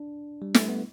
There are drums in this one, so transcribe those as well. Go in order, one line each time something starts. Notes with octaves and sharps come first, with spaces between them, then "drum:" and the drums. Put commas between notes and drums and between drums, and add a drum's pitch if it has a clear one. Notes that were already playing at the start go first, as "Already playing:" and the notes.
Already playing: D4
G3
A3, drum: snare
B3